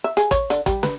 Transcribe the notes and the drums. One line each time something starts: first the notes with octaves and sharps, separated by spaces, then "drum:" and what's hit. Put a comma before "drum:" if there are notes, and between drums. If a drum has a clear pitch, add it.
E5
G#4, drum: hi-hat
C#5, drum: kick, hi-hat
D3, drum: hi-hat
G3, drum: kick, hi-hat
B4, drum: snare